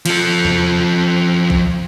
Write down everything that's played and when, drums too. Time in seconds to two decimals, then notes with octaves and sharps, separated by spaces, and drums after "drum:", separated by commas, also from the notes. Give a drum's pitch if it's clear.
0.06 F3 A4, drum: cymbal
0.45 drum: tom E2
1.50 drum: kick